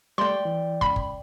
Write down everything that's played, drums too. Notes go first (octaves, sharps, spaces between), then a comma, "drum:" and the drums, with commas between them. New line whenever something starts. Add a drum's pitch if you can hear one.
G3 A3 D5 G5 C6
E3
C#2 B5, drum: kick
drum: kick